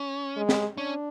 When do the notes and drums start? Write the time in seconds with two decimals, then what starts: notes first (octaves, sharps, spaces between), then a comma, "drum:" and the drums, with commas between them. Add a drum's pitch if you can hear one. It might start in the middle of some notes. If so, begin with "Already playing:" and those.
Already playing: C#4
0.37 G#3
0.49 drum: snare C4
0.78 C#4 D4